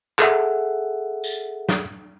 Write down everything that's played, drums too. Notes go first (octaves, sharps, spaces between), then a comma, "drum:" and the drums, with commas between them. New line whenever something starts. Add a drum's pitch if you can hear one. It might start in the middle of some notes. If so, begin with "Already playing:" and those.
G#4 A4 E5 F#5, drum: clap
drum: tambourine
drum: snare